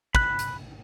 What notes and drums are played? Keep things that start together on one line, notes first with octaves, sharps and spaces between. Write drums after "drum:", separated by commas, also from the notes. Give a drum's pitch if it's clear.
B5 F#6, drum: kick
drum: hi-hat